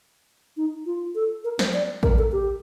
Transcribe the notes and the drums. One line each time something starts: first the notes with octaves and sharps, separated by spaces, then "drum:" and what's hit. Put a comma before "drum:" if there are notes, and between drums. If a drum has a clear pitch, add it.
D#4
F4
A4
A#4
C5, drum: snare
D5
A#4, drum: kick A1
A4
G4